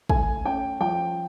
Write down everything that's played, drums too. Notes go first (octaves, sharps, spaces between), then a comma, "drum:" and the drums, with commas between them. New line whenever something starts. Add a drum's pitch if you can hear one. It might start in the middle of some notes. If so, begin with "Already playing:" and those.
A3 G#5, drum: kick
C#4 G5
F3 G5